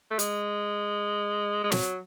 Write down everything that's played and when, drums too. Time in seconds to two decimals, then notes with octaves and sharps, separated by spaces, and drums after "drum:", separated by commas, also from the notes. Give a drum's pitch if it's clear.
0.11 A3
0.19 G#3, drum: hi-hat
1.64 G#3
1.72 F#3, drum: snare